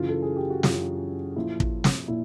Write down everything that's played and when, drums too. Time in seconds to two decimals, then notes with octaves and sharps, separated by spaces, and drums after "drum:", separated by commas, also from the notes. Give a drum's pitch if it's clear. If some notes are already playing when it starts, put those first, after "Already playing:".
Already playing: F#2 C#3 E3 F4
0.09 A4
0.22 G#4
0.36 G4
0.50 F#4
0.63 F#2 C#3 E3 F4, drum: snare
1.36 A#2 F3 E4
1.60 drum: kick
1.84 drum: snare
2.08 A#2 E4